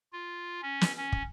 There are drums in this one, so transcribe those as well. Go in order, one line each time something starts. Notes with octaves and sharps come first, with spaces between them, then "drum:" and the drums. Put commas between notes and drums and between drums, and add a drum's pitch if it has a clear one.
F4
C#4
drum: snare
C#4
drum: kick